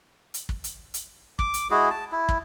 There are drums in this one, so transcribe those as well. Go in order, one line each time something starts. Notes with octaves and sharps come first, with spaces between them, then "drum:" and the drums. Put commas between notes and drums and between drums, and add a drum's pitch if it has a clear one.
drum: hi-hat
drum: kick
drum: hi-hat
drum: hi-hat
D6, drum: kick
drum: hi-hat
G#3 E4 F#4 G#4
A5
E4
drum: kick